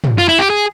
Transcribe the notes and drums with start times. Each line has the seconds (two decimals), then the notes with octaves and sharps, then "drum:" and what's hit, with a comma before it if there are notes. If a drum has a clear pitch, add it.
0.04 drum: tom
0.18 F4
0.28 E4
0.39 G4
0.50 G#4